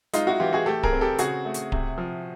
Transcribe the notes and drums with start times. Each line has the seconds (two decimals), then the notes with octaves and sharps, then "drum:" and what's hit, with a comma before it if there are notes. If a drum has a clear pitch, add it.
0.13 G#3 D#4 F4, drum: hi-hat
0.27 E4 F#4
0.40 E3 F4 G4
0.53 F#4 G#4
0.66 A3 G4 A4
0.83 G#4 A#4, drum: kick D1
0.92 C4
1.01 G4 A4
1.18 C#3 F#4 G#4, drum: hi-hat
1.45 A3
1.54 drum: hi-hat
1.72 C3, drum: kick D1
1.98 F3